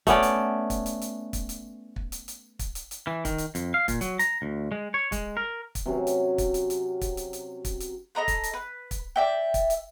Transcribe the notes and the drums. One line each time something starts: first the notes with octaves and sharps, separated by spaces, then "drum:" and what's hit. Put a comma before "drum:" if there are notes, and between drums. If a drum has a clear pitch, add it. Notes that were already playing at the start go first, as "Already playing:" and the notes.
A3 B3 C#4 D5, drum: kick, hi-hat
drum: hi-hat
drum: kick, hi-hat
drum: hi-hat
drum: hi-hat
drum: kick, hi-hat
drum: hi-hat
drum: kick
drum: hi-hat
drum: hi-hat
drum: kick, hi-hat
drum: hi-hat
drum: hi-hat
E3
D#3, drum: kick, hi-hat
drum: hi-hat
F2, drum: hi-hat
F5
A#2, drum: kick, hi-hat
F#3, drum: hi-hat
A#5, drum: hi-hat
D2
G#3
C#5
G#3, drum: kick, hi-hat
A#4
drum: kick, hi-hat
C3 F#3 C#4
drum: hi-hat
drum: kick, hi-hat
drum: hi-hat
drum: hi-hat
drum: kick, hi-hat
drum: hi-hat
drum: hi-hat
drum: kick, hi-hat
drum: hi-hat
A4 D#5 A#5 B5
drum: kick, hi-hat
drum: hi-hat
B4
drum: kick, hi-hat
D5 E5 G5
drum: kick, hi-hat
drum: hi-hat